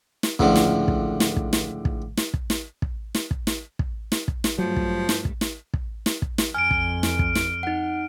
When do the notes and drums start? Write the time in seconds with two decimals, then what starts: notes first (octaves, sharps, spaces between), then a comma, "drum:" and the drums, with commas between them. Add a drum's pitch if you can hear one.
0.23 drum: snare
0.39 C#2 A2 D3 F3, drum: kick
0.56 drum: snare
0.88 drum: kick
1.20 drum: snare
1.36 drum: kick
1.53 drum: snare
1.85 drum: kick
2.17 drum: snare
2.34 drum: kick
2.50 drum: snare
2.82 drum: kick
3.15 drum: snare
3.31 drum: kick
3.47 drum: snare
3.79 drum: kick
4.12 drum: snare
4.28 drum: kick
4.44 drum: snare
4.59 G2 F3 F#3 A3
4.76 drum: kick
5.09 drum: snare
5.25 drum: kick
5.41 drum: snare
5.74 drum: kick
6.06 drum: snare
6.22 drum: kick
6.38 drum: snare
6.54 F2 G#5 F6 D7
6.71 drum: kick
7.03 drum: snare
7.19 drum: kick
7.35 drum: snare
7.63 D#4 F#5